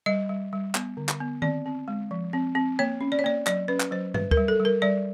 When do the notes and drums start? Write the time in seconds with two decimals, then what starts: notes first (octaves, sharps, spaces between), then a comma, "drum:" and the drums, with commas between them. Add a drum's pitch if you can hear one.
0.06 G3 D#5
0.29 G3
0.53 G3
0.75 B3, drum: clap
0.97 D3
1.09 drum: clap
1.20 B3
1.42 C4 D5, drum: tom D#3
1.66 C4
1.88 G#3
2.11 F3
2.33 C4
2.55 C4
2.79 A#3 C#5
3.01 C#4
3.12 D5
3.19 C#5
3.24 A#3 D5
3.47 F#3 D5, drum: clap
3.68 C#4 B4
3.80 drum: clap
3.91 F#3 C5
4.14 G3 B4, drum: tom G2
4.31 A#4, drum: kick D2
4.37 G3
4.48 A4
4.60 G3
4.65 A#4
4.82 G3 D5